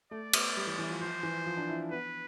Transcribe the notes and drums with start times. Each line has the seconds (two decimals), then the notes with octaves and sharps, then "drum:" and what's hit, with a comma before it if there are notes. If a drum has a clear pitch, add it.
0.11 A3 D5
0.33 B3, drum: cymbal
0.57 G3
0.67 E3
0.79 E3
0.90 F3
1.01 F3 C5
1.23 E3
1.46 F3
1.57 D4
1.69 E4
1.91 B3 B4